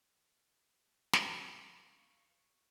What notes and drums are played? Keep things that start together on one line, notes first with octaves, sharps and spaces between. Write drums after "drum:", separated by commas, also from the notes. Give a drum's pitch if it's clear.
drum: snare
F5 C#6